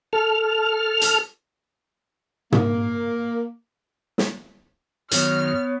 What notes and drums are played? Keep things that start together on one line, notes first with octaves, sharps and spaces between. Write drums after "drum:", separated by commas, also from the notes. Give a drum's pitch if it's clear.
A4 F6
drum: hi-hat
A#3, drum: tom
drum: snare
F#2 D#3 B3 C#5 F6, drum: hi-hat